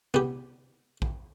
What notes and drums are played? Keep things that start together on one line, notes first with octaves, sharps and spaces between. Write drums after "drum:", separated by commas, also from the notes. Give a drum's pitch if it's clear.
B3 G4, drum: tom C3
drum: kick A#1